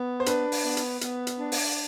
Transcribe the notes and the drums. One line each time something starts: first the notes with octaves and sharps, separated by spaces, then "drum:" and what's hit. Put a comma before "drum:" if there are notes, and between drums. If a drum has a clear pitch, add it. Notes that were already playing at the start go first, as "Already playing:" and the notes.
Already playing: B3
C5
D4 B4, drum: hi-hat
drum: open hi-hat
B3
drum: hi-hat
B3, drum: hi-hat
drum: hi-hat
D4
drum: open hi-hat